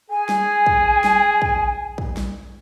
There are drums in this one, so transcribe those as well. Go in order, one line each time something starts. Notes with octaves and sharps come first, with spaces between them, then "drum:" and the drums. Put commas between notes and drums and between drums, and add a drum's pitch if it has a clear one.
G#4 G#5
drum: snare
drum: kick
drum: snare
drum: kick
drum: kick
drum: snare